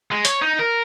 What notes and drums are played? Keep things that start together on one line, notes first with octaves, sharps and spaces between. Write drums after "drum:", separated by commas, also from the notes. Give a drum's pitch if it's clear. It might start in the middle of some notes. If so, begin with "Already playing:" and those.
G#3
C#5, drum: hi-hat
D#4
A#4